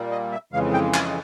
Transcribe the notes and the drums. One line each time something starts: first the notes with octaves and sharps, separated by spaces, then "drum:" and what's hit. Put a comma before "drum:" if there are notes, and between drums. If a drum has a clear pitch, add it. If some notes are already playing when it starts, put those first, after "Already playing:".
Already playing: A#2 G3 A#3
D#5
E5
F2 C#3 E3 G#3 F5
G5
G#5, drum: clap